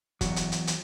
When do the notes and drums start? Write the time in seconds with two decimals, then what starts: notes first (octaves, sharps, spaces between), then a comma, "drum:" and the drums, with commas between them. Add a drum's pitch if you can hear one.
0.21 E2 F#3, drum: kick, hi-hat
0.36 drum: hi-hat
0.52 drum: hi-hat
0.67 drum: hi-hat